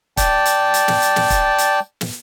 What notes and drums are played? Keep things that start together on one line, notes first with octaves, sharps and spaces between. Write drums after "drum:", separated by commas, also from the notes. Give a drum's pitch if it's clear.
D5 G5 A5, drum: kick, hi-hat
drum: hi-hat
drum: hi-hat
drum: snare
drum: hi-hat
drum: snare
drum: kick, hi-hat
drum: hi-hat
drum: snare